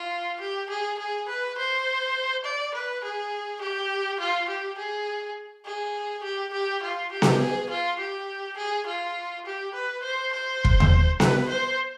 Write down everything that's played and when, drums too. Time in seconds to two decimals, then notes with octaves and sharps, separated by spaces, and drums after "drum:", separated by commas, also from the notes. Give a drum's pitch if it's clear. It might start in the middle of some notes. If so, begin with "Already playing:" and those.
Already playing: F4
0.40 G4
0.69 G#4
0.99 G#4
1.28 B4
1.58 C5
2.45 D5
2.74 B4
3.03 G#4
3.61 G4
4.20 F4
4.49 G4
4.78 G#4
5.65 G#4
6.24 G4
6.53 G4
6.82 F4
7.12 G4
7.22 drum: snare B3
7.40 G#4
7.70 F4
7.99 G4
8.57 G#4
8.86 F4
9.45 G4
9.74 B4
10.03 C5
10.33 C5
10.65 drum: kick
10.80 drum: tom D#2
11.20 B4, drum: snare B3
11.49 C5